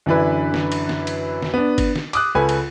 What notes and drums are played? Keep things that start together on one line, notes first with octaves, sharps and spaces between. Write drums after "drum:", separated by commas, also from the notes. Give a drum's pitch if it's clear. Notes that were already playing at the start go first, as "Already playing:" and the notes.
F#2 D3 E3 D4 E4 B4
drum: snare
drum: cymbal
drum: snare
drum: cymbal
drum: snare
B3 D4
drum: kick G1, cymbal
drum: snare
D6 D#6 F#6, drum: cymbal
C#2 A4 B4 G#5
drum: cymbal